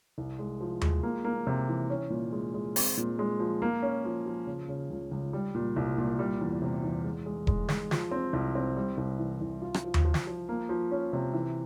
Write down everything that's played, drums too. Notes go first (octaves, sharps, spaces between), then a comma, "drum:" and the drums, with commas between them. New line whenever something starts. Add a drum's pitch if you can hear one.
C2
G#3
F3
G#3, drum: tom D#2
A#3
A#3
C3
E3
C#4
A#2
G#3
G#3
C4, drum: open hi-hat
A#2
G#3
F3
A#3
C#4
F3
F3
C#3
C#3
C#2
C#2
G3
A#2
C2
A#2
G3
E2
C3
E2
G#3
G#3
G#3, drum: kick E1
G#3, drum: snare
F3, drum: snare
C4
C2
C4
G3
C2
E3
C2
F4
drum: rim click
F3
drum: tom D#2
F3
drum: snare
F3
A#3
F3
C#4
C3
E3